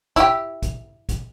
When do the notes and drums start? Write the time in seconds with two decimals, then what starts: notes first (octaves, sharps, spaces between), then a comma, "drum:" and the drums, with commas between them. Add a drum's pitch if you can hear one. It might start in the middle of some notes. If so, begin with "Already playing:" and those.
0.16 E4 G4, drum: kick, hi-hat
0.62 drum: kick, hi-hat
1.09 drum: kick, hi-hat